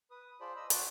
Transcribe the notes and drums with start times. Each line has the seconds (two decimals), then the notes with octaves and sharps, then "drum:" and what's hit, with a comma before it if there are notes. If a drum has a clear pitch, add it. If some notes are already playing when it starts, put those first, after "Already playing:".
0.11 B4 D#6
0.41 F4 G#4 C5 D5 A5 B5
0.56 D#5 B5 E6
0.70 F#4 D5 A5 C6 D6, drum: hi-hat